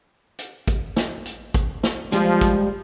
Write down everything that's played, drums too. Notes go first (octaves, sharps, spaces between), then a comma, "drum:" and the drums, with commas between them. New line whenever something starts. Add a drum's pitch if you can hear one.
drum: hi-hat
drum: kick, hi-hat
drum: snare
drum: hi-hat
drum: kick, hi-hat
drum: snare
F3 G3 G#3, drum: hi-hat
drum: kick, hi-hat